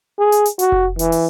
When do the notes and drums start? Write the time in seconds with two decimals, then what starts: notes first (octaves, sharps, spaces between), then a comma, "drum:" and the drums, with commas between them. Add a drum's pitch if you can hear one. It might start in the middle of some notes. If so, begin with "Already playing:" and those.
0.19 G#4
0.32 drum: hi-hat
0.45 drum: hi-hat
0.59 F#4, drum: hi-hat
0.72 drum: kick F1
0.99 E3, drum: hi-hat
1.12 drum: open hi-hat